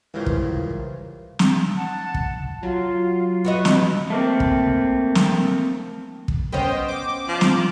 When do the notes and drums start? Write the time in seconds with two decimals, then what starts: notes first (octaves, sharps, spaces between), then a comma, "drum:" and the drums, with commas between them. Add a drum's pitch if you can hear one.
0.14 C#2 G2 C#3 E3 A#4 C5
0.26 drum: kick
1.39 drum: snare
1.77 F#5 A5
2.14 drum: kick
2.63 F#3 F4
3.45 B3 F#4 D#5 E5 B5 C#6
3.65 drum: snare
4.10 A3 A#3 C4
4.40 drum: kick
5.15 drum: snare
6.28 drum: kick
6.52 B3 C#4 C5 D#5 G5
6.88 D6
7.28 F3
7.41 drum: snare